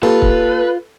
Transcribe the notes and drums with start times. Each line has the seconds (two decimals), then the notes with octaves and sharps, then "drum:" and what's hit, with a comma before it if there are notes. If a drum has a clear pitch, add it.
0.03 A#3 F4 G4 A4 B4 A5
0.22 drum: kick